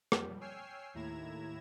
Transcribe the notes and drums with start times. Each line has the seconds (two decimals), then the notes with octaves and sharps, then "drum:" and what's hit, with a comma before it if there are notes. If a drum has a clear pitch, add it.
0.12 F2 G3, drum: rim click
0.41 C#5 G5 G#5 E6 F6 C7
0.94 D#2 A2 E4 A#5 G#6 E7